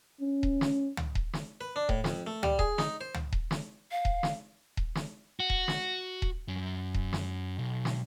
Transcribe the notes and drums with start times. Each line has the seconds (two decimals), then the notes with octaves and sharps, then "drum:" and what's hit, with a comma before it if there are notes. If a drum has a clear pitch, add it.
0.20 C#4
0.43 drum: kick D#1
0.61 drum: snare
0.97 drum: tom
1.15 drum: kick D#1
1.33 drum: snare
1.61 B4
1.76 D4
1.89 A2, drum: kick D#1
2.04 F2, drum: snare
2.27 A3
2.43 G3, drum: tom
2.59 G#4, drum: kick D#1
2.78 D#4, drum: snare
3.01 C5
3.14 drum: tom
3.33 drum: kick D#1
3.51 drum: snare
3.91 F5
4.05 drum: kick D#1
4.23 drum: snare
4.77 drum: kick D#1
4.95 drum: snare
5.40 F#4
5.50 drum: kick D#1
5.68 drum: snare
6.22 drum: kick D#1
6.48 F#2
6.95 drum: kick D#1
7.13 drum: snare
7.58 B1
7.85 drum: snare